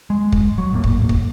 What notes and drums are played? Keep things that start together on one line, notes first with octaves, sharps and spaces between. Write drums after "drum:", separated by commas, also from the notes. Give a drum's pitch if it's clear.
G#3
drum: kick
F#3
D#1 G#1 A2 A#3
drum: kick
drum: kick